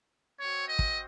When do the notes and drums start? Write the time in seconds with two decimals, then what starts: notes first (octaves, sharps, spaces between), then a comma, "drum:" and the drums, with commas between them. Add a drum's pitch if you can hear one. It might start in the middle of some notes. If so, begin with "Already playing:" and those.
0.39 C4 F#4 C#5
0.68 D#5
0.79 drum: kick